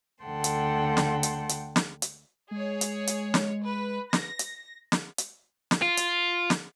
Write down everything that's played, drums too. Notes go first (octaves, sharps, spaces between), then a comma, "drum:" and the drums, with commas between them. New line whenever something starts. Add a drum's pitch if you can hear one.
D2 D3 F#5 G5 A5 C6
drum: hi-hat
drum: snare
drum: hi-hat
drum: hi-hat
drum: snare
drum: hi-hat
G#3 G#4 C#5
drum: hi-hat
drum: hi-hat
drum: snare
B4
A#6, drum: snare
drum: hi-hat
drum: snare
drum: hi-hat
drum: snare
F4
drum: hi-hat
drum: snare